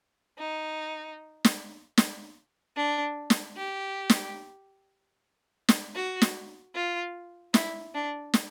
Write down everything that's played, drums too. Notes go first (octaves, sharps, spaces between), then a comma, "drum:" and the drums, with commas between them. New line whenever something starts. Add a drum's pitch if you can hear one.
D#4
drum: snare
drum: snare
D4
drum: snare
G4
drum: snare
drum: snare
F#4
drum: snare
F4
E4, drum: snare
D4
drum: snare